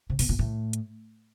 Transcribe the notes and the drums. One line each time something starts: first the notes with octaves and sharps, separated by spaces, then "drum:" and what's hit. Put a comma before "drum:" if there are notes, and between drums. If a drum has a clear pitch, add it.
C3
B2, drum: open hi-hat
A#2
A2
drum: hi-hat